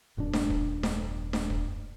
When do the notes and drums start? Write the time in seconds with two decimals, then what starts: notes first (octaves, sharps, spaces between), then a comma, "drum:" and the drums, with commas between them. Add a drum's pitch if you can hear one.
0.17 D#1 F#2 A#2 D4
0.34 drum: snare D4
0.50 drum: kick
0.83 drum: snare D4
1.33 drum: snare D4
1.50 drum: kick